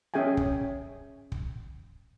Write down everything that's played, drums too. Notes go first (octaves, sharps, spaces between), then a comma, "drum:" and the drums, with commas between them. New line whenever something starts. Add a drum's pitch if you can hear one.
C#4 G#4 E5 G5 G#5
drum: kick
drum: kick